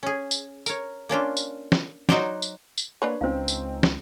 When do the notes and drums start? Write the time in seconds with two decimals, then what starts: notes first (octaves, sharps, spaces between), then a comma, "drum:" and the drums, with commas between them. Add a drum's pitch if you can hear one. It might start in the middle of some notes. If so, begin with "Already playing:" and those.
0.03 C#4 G#4
0.31 drum: tambourine
0.66 A#4 C#5, drum: tambourine
1.09 A#3 C#4 D4 F4
1.37 drum: tambourine
1.72 drum: snare
2.09 F#3 D#4 F#4 C5 D5, drum: snare
2.42 drum: tambourine
2.78 drum: tambourine
3.02 A#3 D4 B4 C#5
3.21 C#2 C4 C#4 D#4 C5 F5
3.48 drum: tambourine
3.83 drum: snare